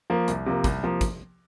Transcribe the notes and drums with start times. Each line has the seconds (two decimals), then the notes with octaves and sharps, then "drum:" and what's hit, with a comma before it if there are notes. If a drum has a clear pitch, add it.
0.10 F3 A#3
0.28 C2, drum: hi-hat
0.46 C3 F3 A#3
0.64 C2, drum: kick, hi-hat
0.83 C3 F3 A#3
1.01 drum: kick, hi-hat